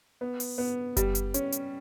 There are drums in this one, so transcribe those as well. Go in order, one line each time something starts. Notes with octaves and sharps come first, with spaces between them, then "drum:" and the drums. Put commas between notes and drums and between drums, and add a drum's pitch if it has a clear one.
B3
drum: open hi-hat
B3
G3, drum: kick F#1, hi-hat
drum: hi-hat
C#4, drum: hi-hat
drum: hi-hat